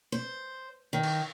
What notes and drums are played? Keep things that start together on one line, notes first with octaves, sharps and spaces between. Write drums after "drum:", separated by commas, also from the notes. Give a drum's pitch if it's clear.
C5
D#3
drum: cymbal